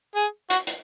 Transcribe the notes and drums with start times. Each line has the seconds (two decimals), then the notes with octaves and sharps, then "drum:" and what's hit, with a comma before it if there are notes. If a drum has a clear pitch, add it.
0.16 G#4
0.50 F#4, drum: hi-hat
0.67 drum: hi-hat